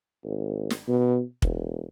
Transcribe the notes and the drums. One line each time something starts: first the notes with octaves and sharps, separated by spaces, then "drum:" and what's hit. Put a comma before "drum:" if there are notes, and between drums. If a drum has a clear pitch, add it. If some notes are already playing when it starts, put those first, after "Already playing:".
G#1
drum: snare
B2
E1, drum: kick